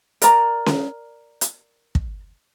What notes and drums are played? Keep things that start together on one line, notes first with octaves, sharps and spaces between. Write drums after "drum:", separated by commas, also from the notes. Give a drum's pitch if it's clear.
A#4 D5 A#5, drum: hi-hat
drum: snare C#4
drum: hi-hat
drum: kick